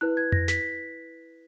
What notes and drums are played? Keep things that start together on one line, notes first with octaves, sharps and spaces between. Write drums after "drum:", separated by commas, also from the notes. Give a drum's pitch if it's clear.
E4 B4 F#6
G#6
A#6, drum: tom F2
B6, drum: snare